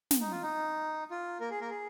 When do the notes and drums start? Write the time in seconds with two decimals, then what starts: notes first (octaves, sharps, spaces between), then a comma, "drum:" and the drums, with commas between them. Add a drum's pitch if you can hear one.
0.11 drum: snare
0.21 D#4
0.31 F4
0.43 D#4
1.11 F4
1.40 A#3 A#4
1.50 G#4
1.60 A#3 A#4
1.70 G#4